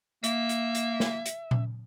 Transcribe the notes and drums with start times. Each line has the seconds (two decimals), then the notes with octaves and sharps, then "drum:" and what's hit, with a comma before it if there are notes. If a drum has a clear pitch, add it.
0.24 A#3 E5, drum: hi-hat
0.49 drum: hi-hat
0.75 drum: hi-hat
1.00 drum: snare
1.26 drum: hi-hat
1.51 drum: tom A#2